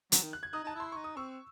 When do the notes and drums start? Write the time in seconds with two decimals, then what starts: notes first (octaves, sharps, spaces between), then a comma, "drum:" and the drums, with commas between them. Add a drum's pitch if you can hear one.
0.12 F#3, drum: hi-hat
0.23 D#3
0.33 F#6
0.43 G#6
0.53 D#4 D#6 F#6
0.64 D#4 A5
0.75 E4 C6
0.92 D#4 C#6
1.04 D#6
1.16 C4 C#6 E6